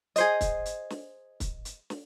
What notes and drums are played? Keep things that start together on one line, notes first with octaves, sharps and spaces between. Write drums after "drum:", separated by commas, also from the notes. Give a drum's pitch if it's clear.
G#4 C5 D#5, drum: hi-hat
drum: kick, hi-hat
drum: hi-hat
drum: snare
drum: kick, hi-hat
drum: hi-hat
drum: snare